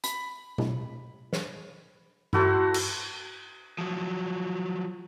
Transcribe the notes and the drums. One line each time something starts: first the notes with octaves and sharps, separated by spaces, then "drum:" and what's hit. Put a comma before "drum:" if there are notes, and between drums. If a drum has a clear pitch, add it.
B5, drum: hi-hat
drum: tom B2
drum: snare
E4 F#4 A4 C5, drum: tom G2
drum: cymbal
F3 F#3